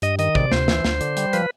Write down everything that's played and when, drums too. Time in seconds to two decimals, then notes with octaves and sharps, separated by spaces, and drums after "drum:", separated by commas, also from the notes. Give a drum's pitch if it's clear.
0.02 G2 D#5, drum: hi-hat
0.19 D#3 D#5, drum: hi-hat
0.35 C3 D5, drum: kick
0.52 D2 C5, drum: snare
0.68 E3, drum: snare
0.85 D2, drum: snare
1.01 D3, drum: hi-hat
1.17 G3, drum: hi-hat
1.33 F3 B4, drum: hi-hat